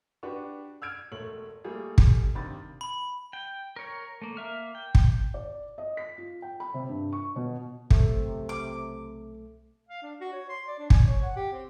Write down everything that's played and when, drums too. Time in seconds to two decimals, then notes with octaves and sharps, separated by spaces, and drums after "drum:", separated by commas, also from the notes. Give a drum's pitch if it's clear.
0.23 D4 F#4 G4 B4 C#6
0.82 E6 F6 G#6 D7
1.12 E1 A3 C#5 F#7
1.64 G3 A3 A#3 G#4
1.98 drum: kick
2.35 G2 C3 D#3 B5 A6
2.81 B5
3.33 G5
3.76 A#4 C#5
4.22 A3 A#3
4.37 A#3 E5 F6
4.75 G5
4.95 drum: kick
5.34 D5
5.78 D#5
5.97 B6
6.18 F4
6.42 G5
6.60 B5
6.74 C3
6.89 G2
7.13 C#6
7.36 B2
7.91 B1 C3 A3, drum: kick
8.49 D6
9.89 F5
10.02 D4
10.21 F#4
10.33 C#5
10.50 C6
10.68 D5
10.79 D4
10.90 G#5, drum: kick
11.06 C#5
11.23 F#5
11.36 G4
11.53 C4